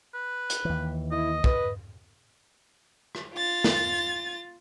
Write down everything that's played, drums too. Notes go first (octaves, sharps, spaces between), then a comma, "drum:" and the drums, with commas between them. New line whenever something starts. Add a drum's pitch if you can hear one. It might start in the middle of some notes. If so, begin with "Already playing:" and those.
B4
drum: hi-hat
D#2 E3
E4 D#5
B4, drum: kick
drum: rim click
F4 A6
drum: snare